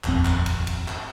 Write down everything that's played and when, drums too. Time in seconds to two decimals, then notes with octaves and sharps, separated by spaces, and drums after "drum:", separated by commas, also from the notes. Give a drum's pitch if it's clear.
0.04 D#1 G#1 F2 C4, drum: clap
0.25 drum: clap
0.46 drum: cymbal
0.67 drum: cymbal
0.88 drum: clap